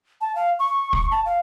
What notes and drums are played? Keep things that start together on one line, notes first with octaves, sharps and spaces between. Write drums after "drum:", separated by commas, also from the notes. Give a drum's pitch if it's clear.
A5
F5
C#6
C#6, drum: kick
A5
F5